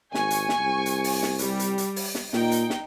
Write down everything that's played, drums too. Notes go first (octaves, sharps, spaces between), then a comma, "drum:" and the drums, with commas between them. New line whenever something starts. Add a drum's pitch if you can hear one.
G#1 G#5 C#6, drum: snare
drum: hi-hat
drum: snare
C2
drum: hi-hat
drum: open hi-hat
drum: snare
G3, drum: hi-hat
drum: hi-hat
drum: hi-hat
drum: open hi-hat
drum: snare
A#2 D#4 G5, drum: snare
drum: hi-hat
drum: snare